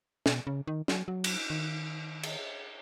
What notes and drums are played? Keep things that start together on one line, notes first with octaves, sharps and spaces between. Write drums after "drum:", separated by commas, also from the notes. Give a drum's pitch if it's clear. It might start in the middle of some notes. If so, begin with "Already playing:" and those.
B2, drum: snare
C#3
D#3
F#3, drum: snare
F#3
drum: cymbal
D#3
drum: cymbal